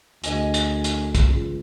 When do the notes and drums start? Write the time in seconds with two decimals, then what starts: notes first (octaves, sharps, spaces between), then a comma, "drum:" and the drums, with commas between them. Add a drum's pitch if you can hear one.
0.24 D2 G#4 D#5 G#5, drum: hi-hat
0.54 drum: hi-hat
0.84 drum: hi-hat
1.15 drum: kick, hi-hat
1.25 C#2